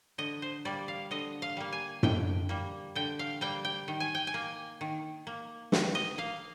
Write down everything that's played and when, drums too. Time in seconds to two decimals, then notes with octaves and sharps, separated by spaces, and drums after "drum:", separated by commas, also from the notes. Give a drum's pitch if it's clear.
0.18 D3 D#5
0.42 C5
0.65 G3 A#3 D5
0.88 F5
1.11 D3 D#5
1.42 F5
1.57 G3 A#3
1.72 G#5
2.03 D3 G5, drum: tom F#2
2.49 G3 A#3
2.95 D3 G5
3.19 F5
3.41 G3 A#3 G5
3.65 G5
3.88 D#3
4.00 G#5
4.15 G5
4.27 G#5
4.34 A#3
4.81 D#3
5.27 A#3
5.72 D#3, drum: snare
5.95 D#5
6.18 A#3 F5